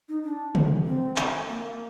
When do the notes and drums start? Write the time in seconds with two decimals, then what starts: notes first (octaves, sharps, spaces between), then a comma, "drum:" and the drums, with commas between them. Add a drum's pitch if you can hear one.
0.09 D#4
0.24 D4
0.55 drum: tom
0.86 C4
1.16 drum: clap
1.47 A#3